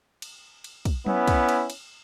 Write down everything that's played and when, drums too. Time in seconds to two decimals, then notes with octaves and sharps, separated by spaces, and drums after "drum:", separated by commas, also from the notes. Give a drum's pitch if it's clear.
0.22 drum: cymbal
0.64 drum: cymbal
0.85 drum: kick, cymbal
1.06 B3 C#4 E4, drum: tom F#3
1.28 drum: kick, cymbal
1.49 drum: cymbal
1.70 drum: cymbal